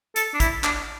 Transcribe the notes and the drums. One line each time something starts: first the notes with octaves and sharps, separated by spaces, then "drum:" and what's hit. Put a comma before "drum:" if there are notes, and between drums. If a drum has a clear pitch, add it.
A4, drum: hi-hat
D4
E4, drum: kick, hi-hat
D4, drum: clap